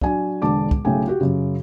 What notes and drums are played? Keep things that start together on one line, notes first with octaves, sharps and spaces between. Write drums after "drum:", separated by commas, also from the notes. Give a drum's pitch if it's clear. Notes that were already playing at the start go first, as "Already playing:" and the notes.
F#3 D4 G#5, drum: kick
E1 D3 A5 D6
drum: kick
B1 C#3 A3 G#4 G5 G#5
F#4 G4
F#2 C#3